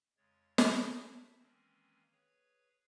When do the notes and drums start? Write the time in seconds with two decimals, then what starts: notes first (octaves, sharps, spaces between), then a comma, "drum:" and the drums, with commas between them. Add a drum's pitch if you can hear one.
0.17 F2 C#3 G#3 C#5 A6
0.58 drum: snare
0.76 C5 E5 A5 B5
1.39 D#3 E3 G#3 A#3 C4 C#4
2.12 G#4 B4 C#5